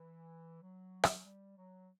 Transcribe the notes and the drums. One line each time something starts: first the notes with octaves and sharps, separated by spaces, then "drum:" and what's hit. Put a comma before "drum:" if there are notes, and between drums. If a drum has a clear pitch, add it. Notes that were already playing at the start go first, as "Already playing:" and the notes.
Already playing: E3
F#3
drum: rim click
G3
F#3